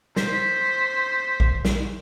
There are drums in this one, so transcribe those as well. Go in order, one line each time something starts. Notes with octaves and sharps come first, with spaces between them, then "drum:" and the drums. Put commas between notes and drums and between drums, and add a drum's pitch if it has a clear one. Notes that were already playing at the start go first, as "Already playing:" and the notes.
C5 B6, drum: snare
drum: kick A#1
drum: snare